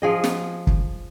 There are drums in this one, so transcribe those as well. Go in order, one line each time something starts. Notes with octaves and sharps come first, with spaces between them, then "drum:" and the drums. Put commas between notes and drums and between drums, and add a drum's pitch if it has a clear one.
F3 G#4 D#5
drum: snare
drum: kick